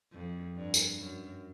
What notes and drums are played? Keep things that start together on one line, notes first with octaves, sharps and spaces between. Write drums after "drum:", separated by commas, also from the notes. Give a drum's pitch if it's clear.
F2
G2
drum: tambourine
F#2